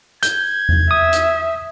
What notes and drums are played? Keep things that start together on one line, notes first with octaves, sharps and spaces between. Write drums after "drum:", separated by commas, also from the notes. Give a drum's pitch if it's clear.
G6 G#6, drum: hi-hat
drum: tom E2
E5 D#6
drum: hi-hat